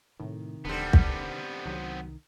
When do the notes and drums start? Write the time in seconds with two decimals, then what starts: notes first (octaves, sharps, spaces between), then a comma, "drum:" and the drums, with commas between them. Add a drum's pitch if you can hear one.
0.20 A2 C3 D#3
0.65 D#1 D3 G3 B3 C4
0.93 drum: kick
1.66 C2 D#3 F#3